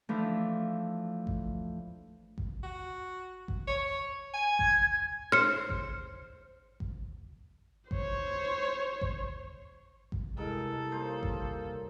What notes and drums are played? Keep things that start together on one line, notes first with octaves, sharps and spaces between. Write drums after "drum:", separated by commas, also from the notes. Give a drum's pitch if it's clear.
E3 F3 A3 D4
drum: kick G#1
drum: kick G#1
F#4
drum: kick G#1
C#5
G#5
G#6, drum: kick G#1
C5 F6 C#7
drum: kick G#1
drum: kick G#1
C5 C#5, drum: kick G#1
drum: kick G#1
drum: kick G#1
G2 C3 G#3 E4 A4 A#4 D#5
A#3 D#4 C5 C#5
drum: kick G#1